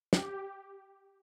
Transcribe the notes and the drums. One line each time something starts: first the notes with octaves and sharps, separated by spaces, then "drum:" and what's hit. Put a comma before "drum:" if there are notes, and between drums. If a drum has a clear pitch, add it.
G4, drum: snare